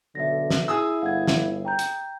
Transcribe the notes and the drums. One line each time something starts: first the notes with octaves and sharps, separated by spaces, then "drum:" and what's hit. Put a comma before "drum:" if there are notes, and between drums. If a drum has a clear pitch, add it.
B1 D3 E5 A#6
drum: snare
E4 G#4 D#6 E6
G1 F5 F#5 G#6
drum: snare
G5 A#5 G6
drum: hi-hat